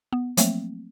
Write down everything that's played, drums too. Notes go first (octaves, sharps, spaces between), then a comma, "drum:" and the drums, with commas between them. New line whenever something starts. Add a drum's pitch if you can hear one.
B3
F3 F#3 A3 A#3 C4, drum: hi-hat